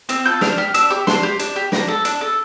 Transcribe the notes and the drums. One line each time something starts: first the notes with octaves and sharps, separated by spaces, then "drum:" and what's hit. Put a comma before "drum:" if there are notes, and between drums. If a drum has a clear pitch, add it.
C4 F6, drum: hi-hat
F4 A4 G6
D4 F6, drum: snare
G4 F6
D4 E6, drum: hi-hat
G4 D6
D4 C6, drum: snare
G4
D4, drum: hi-hat
G4
D4 A#5, drum: snare
A4
D4, drum: hi-hat
A4